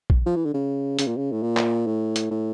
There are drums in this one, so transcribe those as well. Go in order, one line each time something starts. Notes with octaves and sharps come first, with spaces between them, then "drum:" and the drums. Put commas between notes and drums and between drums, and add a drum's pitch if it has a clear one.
drum: kick
F3
E3
D3
C#3
C#3, drum: hi-hat
A#2
C#3
A2
A#2
drum: clap
A2
drum: hi-hat
A2